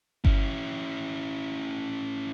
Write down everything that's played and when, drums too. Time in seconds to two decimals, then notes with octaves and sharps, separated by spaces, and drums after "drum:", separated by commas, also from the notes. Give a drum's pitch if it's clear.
0.25 C#4 E4, drum: kick G1